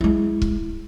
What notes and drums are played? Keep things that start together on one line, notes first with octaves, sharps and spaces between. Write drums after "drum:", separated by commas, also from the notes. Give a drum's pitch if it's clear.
G#3 E4
drum: kick